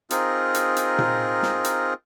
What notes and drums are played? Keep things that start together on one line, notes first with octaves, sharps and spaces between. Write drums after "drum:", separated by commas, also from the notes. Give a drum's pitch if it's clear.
C4 D#4 F4 G#4 A#4, drum: hi-hat
drum: hi-hat
drum: hi-hat
drum: tom A#2
drum: snare
drum: hi-hat